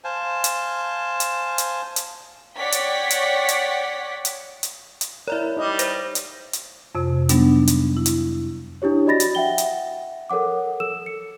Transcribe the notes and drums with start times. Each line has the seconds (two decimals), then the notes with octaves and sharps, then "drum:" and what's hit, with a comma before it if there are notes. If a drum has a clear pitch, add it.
0.04 C5 F5 G#5 A5
0.44 drum: hi-hat
1.20 drum: hi-hat
1.58 drum: hi-hat
1.96 drum: hi-hat
2.58 C#5 D5 F#5 G5 B6
2.72 drum: hi-hat
3.10 drum: hi-hat
3.49 drum: hi-hat
4.25 drum: hi-hat
4.63 drum: hi-hat
5.01 drum: hi-hat
5.28 E4 A#4 C#5 D5 E5
5.57 G3 D#4 D#5
5.79 C5 D5 A#6, drum: hi-hat
6.15 drum: hi-hat
6.53 drum: hi-hat
6.95 F2 C3
7.29 F#3 G3 B3 D4 D#4, drum: hi-hat
7.67 drum: hi-hat
7.97 E4
8.06 drum: hi-hat
8.82 D4 E4 G4 C#5
9.06 F#4 D5 D#5 B5 A6 A#6
9.20 drum: hi-hat
9.35 E5 F#5 G5 G7
9.58 drum: hi-hat
10.30 A4 A#4 C#5 F#5 D6
10.80 A4 E6 E7
11.06 C#7